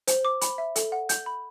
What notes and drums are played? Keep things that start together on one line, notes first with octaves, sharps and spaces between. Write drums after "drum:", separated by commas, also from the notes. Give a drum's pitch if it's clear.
C5, drum: hi-hat
D6
B5, drum: hi-hat
E5
A4, drum: hi-hat
F#5
G6, drum: hi-hat
B5